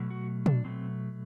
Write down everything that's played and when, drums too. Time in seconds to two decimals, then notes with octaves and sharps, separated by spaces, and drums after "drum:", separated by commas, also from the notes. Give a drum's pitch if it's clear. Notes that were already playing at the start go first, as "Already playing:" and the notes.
Already playing: B2 F#3 A3
0.10 F#4
0.46 D4, drum: tom
0.64 B2 F#3 A3 C4